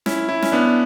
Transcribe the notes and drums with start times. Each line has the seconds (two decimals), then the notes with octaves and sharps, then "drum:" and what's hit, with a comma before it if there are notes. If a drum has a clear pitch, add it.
0.06 C#4 E4, drum: snare
0.29 C#4 E4
0.42 C#4, drum: snare
0.52 B3 D4